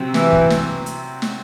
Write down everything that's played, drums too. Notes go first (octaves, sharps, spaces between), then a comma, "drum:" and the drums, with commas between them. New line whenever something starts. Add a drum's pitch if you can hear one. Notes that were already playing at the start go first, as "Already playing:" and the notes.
Already playing: C3 F#3 C4 G4
E3, drum: snare
drum: kick
drum: snare
drum: hi-hat
drum: snare